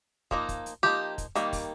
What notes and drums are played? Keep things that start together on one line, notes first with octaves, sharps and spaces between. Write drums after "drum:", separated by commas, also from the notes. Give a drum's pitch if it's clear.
F3 A#3 D#4, drum: kick
drum: kick, hi-hat
drum: hi-hat
F3 A#3 D#4 G4, drum: snare G#3
drum: kick, hi-hat
D#3 G3 A#3, drum: hi-hat
drum: kick, open hi-hat